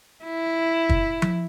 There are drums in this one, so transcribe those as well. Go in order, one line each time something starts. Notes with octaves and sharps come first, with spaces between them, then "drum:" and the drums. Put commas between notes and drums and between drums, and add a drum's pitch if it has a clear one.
E4
drum: kick
drum: tom F3